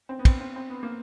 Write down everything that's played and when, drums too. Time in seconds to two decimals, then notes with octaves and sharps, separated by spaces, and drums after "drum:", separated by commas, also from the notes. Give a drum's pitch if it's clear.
0.09 C4
0.19 B3
0.25 C4, drum: kick, cymbal
0.41 C4
0.56 C4
0.70 B3
0.83 A#3